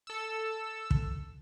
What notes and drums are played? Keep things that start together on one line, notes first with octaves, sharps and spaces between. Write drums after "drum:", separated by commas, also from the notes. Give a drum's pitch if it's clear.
A4 E6
drum: kick